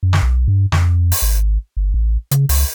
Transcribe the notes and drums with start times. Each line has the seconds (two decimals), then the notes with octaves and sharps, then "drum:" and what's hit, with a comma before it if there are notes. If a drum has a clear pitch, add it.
0.03 F#2
0.13 drum: snare
0.22 B1
0.48 G2
0.72 F2, drum: snare
1.12 drum: open hi-hat
1.22 G#1
1.77 G1
1.94 A1
2.31 C#3, drum: hi-hat
2.49 C#2, drum: open hi-hat